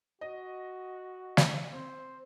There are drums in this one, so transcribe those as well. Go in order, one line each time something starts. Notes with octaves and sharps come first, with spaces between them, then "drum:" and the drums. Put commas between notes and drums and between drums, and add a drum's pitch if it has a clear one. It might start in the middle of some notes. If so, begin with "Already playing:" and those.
F#4 D#5
drum: snare
C4 C5